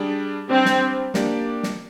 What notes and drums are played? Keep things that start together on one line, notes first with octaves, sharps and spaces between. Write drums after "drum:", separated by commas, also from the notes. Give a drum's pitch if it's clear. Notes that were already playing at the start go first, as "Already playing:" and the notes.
Already playing: G3 D4 G#4 D5
G3 C4 D4 G4
drum: snare
A#3 D4 G4 D5, drum: snare
drum: snare